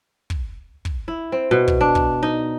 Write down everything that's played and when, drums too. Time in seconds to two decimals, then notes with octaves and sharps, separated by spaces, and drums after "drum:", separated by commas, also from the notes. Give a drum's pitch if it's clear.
0.30 drum: kick
0.85 drum: kick
1.08 E4
1.32 C4
1.51 B2
1.68 drum: kick
1.81 D4
1.95 drum: kick
2.23 D#4